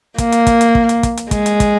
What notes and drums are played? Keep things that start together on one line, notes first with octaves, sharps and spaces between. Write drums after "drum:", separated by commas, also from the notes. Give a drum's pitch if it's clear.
A#3, drum: kick, hi-hat
drum: hi-hat
drum: kick, hi-hat
drum: hi-hat
drum: kick
drum: hi-hat
drum: kick, hi-hat
drum: hi-hat
G#3, drum: kick, hi-hat
drum: hi-hat
drum: kick, hi-hat